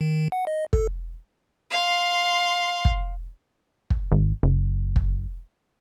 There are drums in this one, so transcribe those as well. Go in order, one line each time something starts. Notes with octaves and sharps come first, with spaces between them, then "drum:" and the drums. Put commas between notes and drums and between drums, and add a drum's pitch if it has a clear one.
D#3
F#5
D#5
A4, drum: kick
F5 C6
drum: kick
drum: kick
G#1
F#1
drum: kick